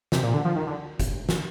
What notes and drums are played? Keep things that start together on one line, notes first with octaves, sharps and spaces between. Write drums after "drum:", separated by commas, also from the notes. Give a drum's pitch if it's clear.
C3, drum: snare
A#2
D3
F3
D#3
D3
drum: kick F#1, hi-hat
drum: snare